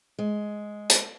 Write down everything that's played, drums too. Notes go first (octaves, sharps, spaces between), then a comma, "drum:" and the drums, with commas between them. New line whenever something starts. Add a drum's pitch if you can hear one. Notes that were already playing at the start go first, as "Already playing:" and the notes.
G#3
drum: hi-hat